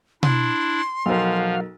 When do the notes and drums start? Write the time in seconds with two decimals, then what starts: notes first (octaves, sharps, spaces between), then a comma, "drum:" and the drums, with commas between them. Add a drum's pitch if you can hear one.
0.23 D4 E4 C6, drum: tom B2
1.06 B1 F3 F#4 A#4 F5